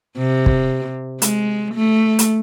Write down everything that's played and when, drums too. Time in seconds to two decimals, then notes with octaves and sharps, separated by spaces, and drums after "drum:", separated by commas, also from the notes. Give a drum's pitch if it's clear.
0.18 C3
0.46 drum: kick
1.22 G#3, drum: hi-hat
1.74 A3
2.19 drum: hi-hat